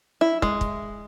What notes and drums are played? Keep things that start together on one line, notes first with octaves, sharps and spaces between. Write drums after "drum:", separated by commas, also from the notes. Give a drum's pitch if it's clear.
E4
G#3, drum: kick
drum: kick